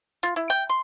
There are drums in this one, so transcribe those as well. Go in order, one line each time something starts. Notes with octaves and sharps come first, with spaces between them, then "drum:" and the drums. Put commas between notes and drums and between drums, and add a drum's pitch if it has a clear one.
F4, drum: hi-hat
E4
G5
C6